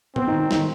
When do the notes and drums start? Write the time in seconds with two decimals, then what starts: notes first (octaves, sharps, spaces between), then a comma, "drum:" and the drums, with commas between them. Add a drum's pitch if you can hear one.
0.16 B3 C4, drum: tom A2
0.28 D#3
0.39 D#3
0.51 D#3, drum: snare